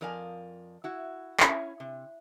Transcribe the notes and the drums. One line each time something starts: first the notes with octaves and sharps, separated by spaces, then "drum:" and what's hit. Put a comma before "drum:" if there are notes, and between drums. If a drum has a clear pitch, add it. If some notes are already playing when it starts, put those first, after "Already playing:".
F2 F3 A#4 D5 F5 G#5
E4 F#4
C#4 E4, drum: clap
C3